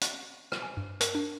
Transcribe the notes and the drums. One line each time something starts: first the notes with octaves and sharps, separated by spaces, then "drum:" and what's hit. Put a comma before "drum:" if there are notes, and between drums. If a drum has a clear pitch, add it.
drum: hi-hat
drum: rim click
G#5
G2
A#4, drum: hi-hat
D4